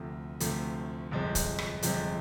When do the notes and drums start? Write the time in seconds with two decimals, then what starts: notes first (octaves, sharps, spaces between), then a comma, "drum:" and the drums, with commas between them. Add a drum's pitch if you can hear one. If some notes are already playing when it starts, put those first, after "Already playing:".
Already playing: D2 C3 F3 A3
0.40 D2 C3 F3 A3, drum: hi-hat
1.11 G1 F2 C3 F3 G#3
1.35 drum: kick, hi-hat
1.59 drum: rim click
1.83 G1 F2 C3 F3 G#3, drum: hi-hat